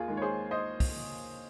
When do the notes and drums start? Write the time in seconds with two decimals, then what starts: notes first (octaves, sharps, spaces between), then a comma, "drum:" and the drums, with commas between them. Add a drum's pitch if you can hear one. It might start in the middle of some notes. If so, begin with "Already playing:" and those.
Already playing: D#2 F4 G#4
0.08 D#3 G#3
0.17 C#5
0.22 G#4 C5
0.51 C5 D#5
0.80 drum: kick, open hi-hat